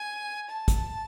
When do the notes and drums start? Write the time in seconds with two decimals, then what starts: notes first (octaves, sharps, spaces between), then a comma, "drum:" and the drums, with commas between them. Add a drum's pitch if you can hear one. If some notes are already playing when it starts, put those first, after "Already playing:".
Already playing: G#5
0.50 A5
0.68 drum: kick, hi-hat